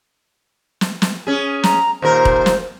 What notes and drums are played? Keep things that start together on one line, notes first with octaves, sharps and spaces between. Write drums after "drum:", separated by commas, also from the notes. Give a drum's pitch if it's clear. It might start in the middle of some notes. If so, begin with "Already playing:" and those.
drum: snare
drum: snare
C#4 G#4
A#5, drum: snare
D#2 A#2 A#4 C5
drum: kick E1
drum: snare